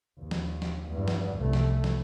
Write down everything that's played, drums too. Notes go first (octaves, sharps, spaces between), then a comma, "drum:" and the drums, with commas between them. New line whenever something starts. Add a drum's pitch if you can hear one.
D#2
drum: snare
drum: snare
E2 G2
drum: snare
C2 A3
drum: snare
drum: snare